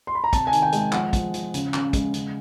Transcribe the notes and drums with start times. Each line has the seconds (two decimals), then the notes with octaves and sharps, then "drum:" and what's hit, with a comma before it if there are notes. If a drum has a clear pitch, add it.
0.07 C6
0.15 B5
0.24 A#5
0.33 C3 A5, drum: kick, hi-hat
0.47 G#5
0.53 D#3, drum: hi-hat
0.62 G5
0.72 G#3 G5, drum: hi-hat
0.92 F3 F#5, drum: clap
1.13 F3, drum: kick, hi-hat
1.34 F3, drum: hi-hat
1.54 C#3, drum: hi-hat
1.74 C#3, drum: clap
1.93 G#3, drum: kick, hi-hat
2.14 C#3, drum: hi-hat